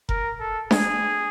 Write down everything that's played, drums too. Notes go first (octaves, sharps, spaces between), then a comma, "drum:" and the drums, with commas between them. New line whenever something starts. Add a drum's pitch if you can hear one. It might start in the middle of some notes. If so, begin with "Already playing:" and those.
A#4, drum: kick F1
A4
G#4, drum: snare D4